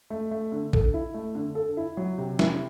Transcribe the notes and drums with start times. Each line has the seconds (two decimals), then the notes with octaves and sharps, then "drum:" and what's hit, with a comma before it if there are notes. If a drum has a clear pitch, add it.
0.10 A3
0.31 A3
0.52 D3
0.73 A4, drum: kick A1
0.94 E4
1.14 A3
1.35 D3
1.55 A4
1.77 E4
1.97 F#3
2.18 C3
2.39 E4, drum: snare